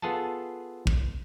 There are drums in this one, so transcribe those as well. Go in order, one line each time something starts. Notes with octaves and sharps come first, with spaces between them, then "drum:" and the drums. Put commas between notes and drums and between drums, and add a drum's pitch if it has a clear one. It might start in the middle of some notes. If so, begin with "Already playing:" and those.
B3 F4 G#4 A4 A5
drum: kick